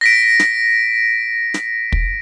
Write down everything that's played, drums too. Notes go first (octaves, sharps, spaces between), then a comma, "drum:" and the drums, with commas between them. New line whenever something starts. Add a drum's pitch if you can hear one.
A#6 B6 D7
drum: snare
drum: snare
drum: kick